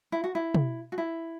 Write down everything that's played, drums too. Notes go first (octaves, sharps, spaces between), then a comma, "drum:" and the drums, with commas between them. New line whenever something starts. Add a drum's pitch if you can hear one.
E4
F#4
E4
drum: tom
F#4
E4